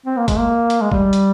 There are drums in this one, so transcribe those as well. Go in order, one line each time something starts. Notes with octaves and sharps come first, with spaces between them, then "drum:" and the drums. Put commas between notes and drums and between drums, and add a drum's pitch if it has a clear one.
C4
A#3
G#3, drum: kick, hi-hat
A#3
drum: hi-hat
G#3
G3, drum: kick
drum: hi-hat